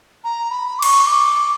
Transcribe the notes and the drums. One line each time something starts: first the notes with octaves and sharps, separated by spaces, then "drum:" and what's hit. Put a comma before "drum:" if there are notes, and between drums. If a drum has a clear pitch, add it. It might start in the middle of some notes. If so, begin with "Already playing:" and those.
A#5
B5
D6
C#6, drum: cymbal
D6